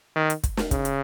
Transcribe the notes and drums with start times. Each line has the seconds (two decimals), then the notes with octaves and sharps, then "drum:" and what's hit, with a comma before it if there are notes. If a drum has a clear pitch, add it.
0.16 D#3
0.30 drum: hi-hat
0.44 drum: kick, hi-hat
0.57 drum: snare
0.71 C#3, drum: kick, hi-hat
0.85 drum: hi-hat